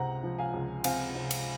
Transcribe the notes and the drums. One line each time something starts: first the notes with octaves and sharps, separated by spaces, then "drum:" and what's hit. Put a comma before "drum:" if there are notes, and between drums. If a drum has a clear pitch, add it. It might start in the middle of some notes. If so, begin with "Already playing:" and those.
Already playing: C#2 C3 C4 F#5 A#5
F3
F5 G#5
C#2
C4 F5 G#5, drum: cymbal
C3
drum: cymbal